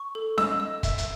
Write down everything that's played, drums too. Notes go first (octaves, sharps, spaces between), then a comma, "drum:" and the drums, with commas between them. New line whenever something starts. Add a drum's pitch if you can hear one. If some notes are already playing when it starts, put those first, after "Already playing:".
Already playing: C#6
A4
D#5 E6, drum: snare C#4
D#5
E5, drum: kick, hi-hat
drum: hi-hat